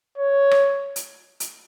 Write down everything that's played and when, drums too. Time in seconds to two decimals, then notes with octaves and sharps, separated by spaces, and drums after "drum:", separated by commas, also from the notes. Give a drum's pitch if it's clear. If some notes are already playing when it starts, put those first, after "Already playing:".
0.18 C#5
0.51 drum: rim click
0.96 drum: hi-hat
1.40 drum: hi-hat